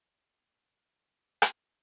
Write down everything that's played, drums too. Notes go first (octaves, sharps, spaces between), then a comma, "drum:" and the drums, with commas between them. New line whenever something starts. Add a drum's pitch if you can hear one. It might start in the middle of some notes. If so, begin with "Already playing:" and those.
D3 A#3 E4
B2 E6 F#6
E2 G#2 D#3 A#3 A#5
drum: rim click